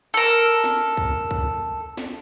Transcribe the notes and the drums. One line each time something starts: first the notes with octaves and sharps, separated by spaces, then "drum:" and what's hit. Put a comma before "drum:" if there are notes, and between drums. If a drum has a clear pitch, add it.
A4 A#4
drum: snare
drum: kick
drum: kick
drum: snare